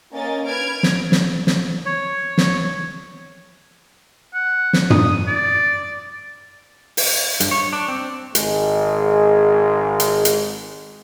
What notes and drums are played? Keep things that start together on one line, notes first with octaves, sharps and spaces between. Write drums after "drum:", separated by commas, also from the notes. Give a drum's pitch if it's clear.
A#3 C#4 A#4 D#5 G#5 A6
B4 F6 G#6 D7
drum: snare
drum: snare
drum: snare
C#5
drum: snare
F#5
drum: snare
D#6, drum: tom
D5
drum: open hi-hat
G2, drum: hi-hat
C#5
D4
C4
G#1 G#3, drum: hi-hat
drum: hi-hat
drum: hi-hat